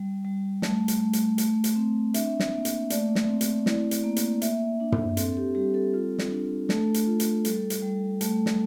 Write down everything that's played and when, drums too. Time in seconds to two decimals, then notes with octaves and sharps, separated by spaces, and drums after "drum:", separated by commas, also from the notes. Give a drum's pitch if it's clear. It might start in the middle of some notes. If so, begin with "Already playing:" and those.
Already playing: G3
0.25 G3
0.62 A3, drum: snare
0.88 drum: hi-hat
1.00 A3
1.13 drum: hi-hat
1.38 A3, drum: hi-hat
1.64 drum: hi-hat
1.76 C4
2.14 D4 E5, drum: hi-hat
2.40 drum: snare
2.52 A#3
2.65 drum: hi-hat
2.90 A3 D5, drum: hi-hat
3.15 drum: snare
3.27 C4
3.41 drum: hi-hat
3.66 E4 D5, drum: snare
3.91 drum: hi-hat
4.04 A#3
4.16 drum: hi-hat
4.42 A#3 E5, drum: hi-hat
4.80 D4
4.92 drum: tom
5.17 C4 A4, drum: hi-hat
5.37 G4
5.55 G3 G4
5.74 A4
5.94 F4
6.19 drum: snare
6.31 D4
6.69 A3 A4, drum: snare
6.94 drum: hi-hat
7.07 F4
7.20 drum: hi-hat
7.45 G3 A4, drum: hi-hat
7.70 drum: hi-hat
7.82 G3
8.21 A3, drum: hi-hat
8.46 drum: snare